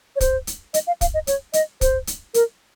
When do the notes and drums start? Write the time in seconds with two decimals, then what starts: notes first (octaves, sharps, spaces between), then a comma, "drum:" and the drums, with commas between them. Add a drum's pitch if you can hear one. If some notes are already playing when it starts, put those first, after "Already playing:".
0.16 C#5
0.21 C5, drum: kick, hi-hat
0.47 drum: hi-hat
0.74 D#5, drum: hi-hat
0.87 F5
1.01 F5, drum: kick, hi-hat
1.14 D#5
1.27 C#5, drum: hi-hat
1.53 D#5, drum: hi-hat
1.81 C5, drum: kick, hi-hat
2.07 drum: hi-hat
2.34 A#4, drum: hi-hat